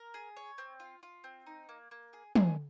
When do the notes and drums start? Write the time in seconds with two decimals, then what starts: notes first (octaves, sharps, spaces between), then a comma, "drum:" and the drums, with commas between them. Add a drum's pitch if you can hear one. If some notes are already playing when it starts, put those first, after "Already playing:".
Already playing: A#4
0.14 G#4
0.36 C#5
0.58 C4
0.80 F4
1.03 F4
1.24 C4
1.46 D#4
1.69 A#3
1.91 A#3
2.13 G#4
2.35 G#4, drum: tom